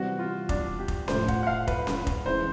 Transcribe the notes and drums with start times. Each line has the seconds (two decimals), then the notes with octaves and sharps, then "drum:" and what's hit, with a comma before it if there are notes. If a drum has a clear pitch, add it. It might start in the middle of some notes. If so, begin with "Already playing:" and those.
Already playing: C3 E3 G3 C4 F#4
0.19 F4
0.49 D4, drum: kick F1
0.79 G4
0.88 drum: kick F1
1.08 A2 F3 A3 C5, drum: snare C#4
1.28 F#5, drum: kick F1
1.43 F#5
1.47 F5
1.67 B4, drum: kick F1
1.87 drum: snare C#4
2.07 drum: kick F1
2.26 E3 G#3 C#4 E4 C5